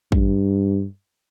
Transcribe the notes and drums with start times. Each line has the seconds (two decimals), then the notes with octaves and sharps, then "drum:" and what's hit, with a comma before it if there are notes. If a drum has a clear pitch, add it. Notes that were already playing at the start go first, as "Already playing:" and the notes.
0.12 G2, drum: kick